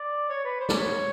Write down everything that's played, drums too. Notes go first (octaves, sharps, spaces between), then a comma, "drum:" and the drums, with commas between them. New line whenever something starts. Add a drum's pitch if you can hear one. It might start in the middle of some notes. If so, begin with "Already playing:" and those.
Already playing: D5
C#5
B4
C5
D5, drum: snare
C#5